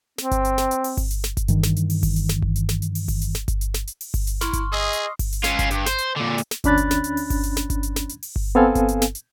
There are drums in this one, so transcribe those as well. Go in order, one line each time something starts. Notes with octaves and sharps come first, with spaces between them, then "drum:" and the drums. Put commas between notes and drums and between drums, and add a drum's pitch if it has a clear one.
C4, drum: snare
drum: kick G1, hi-hat
drum: hi-hat
drum: snare
drum: hi-hat
drum: open hi-hat
drum: kick G1, open hi-hat
drum: hi-hat
drum: snare
drum: kick G1, hi-hat
G2 D#3 E3, drum: hi-hat
drum: snare
drum: hi-hat
drum: open hi-hat
drum: kick G1, open hi-hat
drum: hi-hat
drum: snare
drum: kick G1
drum: hi-hat
drum: snare
drum: hi-hat
drum: open hi-hat
drum: kick G1, open hi-hat
drum: hi-hat
drum: snare
drum: kick G1, hi-hat
drum: hi-hat
drum: snare
drum: hi-hat
drum: open hi-hat
drum: kick G1, open hi-hat
drum: hi-hat
E4 C6 C#6 F6, drum: snare
drum: kick G1, hi-hat
G#4 D#5 D#6 E6 C7
drum: hi-hat
drum: kick G1, open hi-hat
drum: hi-hat
C#4 F4, drum: snare
drum: kick G1, hi-hat
G2, drum: hi-hat
C5, drum: snare
drum: hi-hat
A#2 D3
drum: hi-hat
drum: snare
D2 C#4 D4 B5 F#6 A6, drum: kick G1, hi-hat
drum: hi-hat
drum: snare
drum: hi-hat
drum: open hi-hat
drum: kick G1, open hi-hat
drum: hi-hat
drum: snare
drum: kick G1, hi-hat
drum: hi-hat
drum: snare
drum: hi-hat
drum: open hi-hat
drum: kick G1
B3 C4 A4 F5 G#5
drum: kick G1, hi-hat
drum: hi-hat
drum: snare
drum: hi-hat